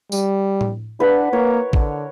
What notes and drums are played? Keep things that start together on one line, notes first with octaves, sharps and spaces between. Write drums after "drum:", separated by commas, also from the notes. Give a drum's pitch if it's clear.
G3, drum: tambourine
drum: tom A2
D4 B4 F#5
A#3 A#4 C#5
D3, drum: kick